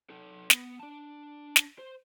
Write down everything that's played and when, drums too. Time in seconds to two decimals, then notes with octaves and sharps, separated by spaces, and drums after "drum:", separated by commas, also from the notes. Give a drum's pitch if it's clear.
0.10 D#4 A4
0.50 B3, drum: snare
0.80 D4 A5
1.56 drum: snare
1.79 C5